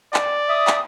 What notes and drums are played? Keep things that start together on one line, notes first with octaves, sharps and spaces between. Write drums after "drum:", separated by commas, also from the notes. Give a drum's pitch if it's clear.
D5, drum: clap
E5 D#6
drum: clap